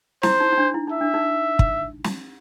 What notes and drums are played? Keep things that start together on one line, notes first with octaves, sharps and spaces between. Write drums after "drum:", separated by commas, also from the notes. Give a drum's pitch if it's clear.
E4 C5, drum: snare
D#4
D#4
D4
E4
D#4 E5
D4
D#4
drum: kick
drum: snare